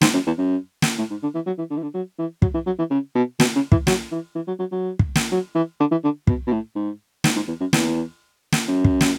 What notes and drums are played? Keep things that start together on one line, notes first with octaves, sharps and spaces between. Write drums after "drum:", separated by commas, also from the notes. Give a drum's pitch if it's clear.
G#2, drum: snare
F#2
E2
F#2
drum: snare
A2
G#2
D3
E3
F#3
E3
D3
E3
D3
F#3
E3
F#3, drum: kick
E3
F#3
E3
C#3
B2
B2, drum: snare
C#3
E3, drum: kick
F#3, drum: snare
E3
E3
F#3
F#3
F#3
drum: kick
drum: snare
F#3
E3
D3
E3
D3
B2, drum: kick
B2
A2
G#2
G#2, drum: snare
G#2
E2
F#2
E2, drum: snare
drum: snare
F#2
drum: kick
drum: snare